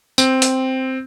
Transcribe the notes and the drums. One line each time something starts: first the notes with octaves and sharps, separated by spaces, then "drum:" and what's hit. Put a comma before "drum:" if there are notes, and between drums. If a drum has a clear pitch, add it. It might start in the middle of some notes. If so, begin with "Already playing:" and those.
C4, drum: tambourine
drum: hi-hat